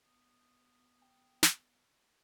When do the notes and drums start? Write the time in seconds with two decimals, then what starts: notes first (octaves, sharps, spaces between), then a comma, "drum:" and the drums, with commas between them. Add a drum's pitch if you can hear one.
0.05 B3 D#6
1.01 G5
1.43 drum: snare